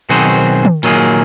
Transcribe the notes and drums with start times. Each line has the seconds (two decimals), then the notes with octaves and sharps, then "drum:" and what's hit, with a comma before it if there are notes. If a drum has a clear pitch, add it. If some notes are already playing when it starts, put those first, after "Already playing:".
0.10 B1 D#3 C4 F#4 G#4 C5
0.65 drum: tom
0.83 A#2 D#3 F#3 A#3 G#4, drum: hi-hat